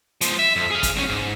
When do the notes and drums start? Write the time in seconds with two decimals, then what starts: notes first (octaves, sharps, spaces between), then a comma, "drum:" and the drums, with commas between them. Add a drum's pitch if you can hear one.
0.21 F3 G#3, drum: hi-hat
0.39 E5
0.56 F2
0.71 G#4 F5
0.83 drum: kick, hi-hat
0.96 C2 C#4
1.09 G#2